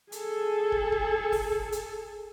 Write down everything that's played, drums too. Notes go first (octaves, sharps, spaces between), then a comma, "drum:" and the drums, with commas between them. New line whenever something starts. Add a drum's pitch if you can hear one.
G#4 A4, drum: hi-hat
drum: kick
drum: kick
drum: kick, open hi-hat
drum: kick
drum: hi-hat